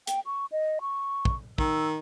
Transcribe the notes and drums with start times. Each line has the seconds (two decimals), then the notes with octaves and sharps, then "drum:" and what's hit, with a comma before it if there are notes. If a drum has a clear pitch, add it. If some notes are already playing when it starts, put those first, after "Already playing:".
0.07 G5, drum: hi-hat
0.26 C#6
0.52 D#5
0.81 C#6
1.25 drum: kick
1.58 D#3 E6, drum: kick